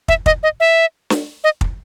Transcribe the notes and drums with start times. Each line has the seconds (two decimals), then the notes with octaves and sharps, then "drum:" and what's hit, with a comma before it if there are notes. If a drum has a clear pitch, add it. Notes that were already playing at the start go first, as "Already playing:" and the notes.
0.08 E5, drum: kick
0.26 D#5, drum: kick
0.43 D#5
0.60 E5
1.10 drum: snare
1.44 D#5
1.61 drum: kick